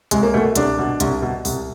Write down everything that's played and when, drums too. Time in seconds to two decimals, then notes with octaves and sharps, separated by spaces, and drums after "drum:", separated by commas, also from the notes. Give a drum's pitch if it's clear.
0.11 C2 G#3, drum: hi-hat
0.23 A#3
0.34 B2 A3
0.55 C2 D4, drum: hi-hat
0.79 B2
1.00 C2, drum: hi-hat
1.22 B2
1.45 C2, drum: open hi-hat